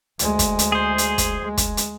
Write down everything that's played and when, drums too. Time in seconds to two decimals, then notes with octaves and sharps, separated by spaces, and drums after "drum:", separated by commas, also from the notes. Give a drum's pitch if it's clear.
0.19 D2 G#3, drum: hi-hat
0.39 drum: kick, hi-hat
0.59 drum: hi-hat
0.72 G#4 C5
0.98 drum: hi-hat
1.18 drum: kick, hi-hat
1.41 G#3
1.57 drum: kick, hi-hat
1.77 drum: hi-hat